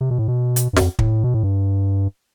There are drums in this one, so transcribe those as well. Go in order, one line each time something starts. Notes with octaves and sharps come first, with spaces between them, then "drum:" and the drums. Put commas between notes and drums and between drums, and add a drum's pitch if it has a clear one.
C3
B2
A2
B2
drum: hi-hat
G2
E2, drum: snare
F2
A2, drum: kick
B2
A2
G2